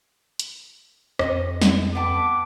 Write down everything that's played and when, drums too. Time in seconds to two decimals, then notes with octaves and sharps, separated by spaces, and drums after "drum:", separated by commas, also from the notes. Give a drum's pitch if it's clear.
0.39 drum: hi-hat
1.19 F2 D#5, drum: rim click
1.62 drum: snare
1.95 B3 G5 A5 D6